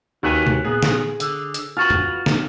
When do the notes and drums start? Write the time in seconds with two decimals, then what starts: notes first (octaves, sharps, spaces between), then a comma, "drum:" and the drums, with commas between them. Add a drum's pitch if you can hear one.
0.23 D#2 F#4 B4 G#5
0.47 drum: tom
0.65 A#2 B3 G#4
0.83 drum: snare
1.20 D3, drum: hi-hat
1.54 drum: hi-hat
1.77 F4 F#4 B4 C#6 F6
1.90 drum: tom
2.26 drum: snare